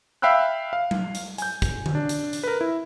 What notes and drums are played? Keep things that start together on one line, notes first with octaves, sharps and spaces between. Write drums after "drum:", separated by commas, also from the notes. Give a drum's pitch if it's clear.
E5 F5 G5 B5 E6 F#6
F5
drum: tom F#3
drum: hi-hat
G#5 G6, drum: hi-hat
drum: kick, hi-hat
drum: tom D3
D4
drum: hi-hat
drum: hi-hat
A#4 B4
E4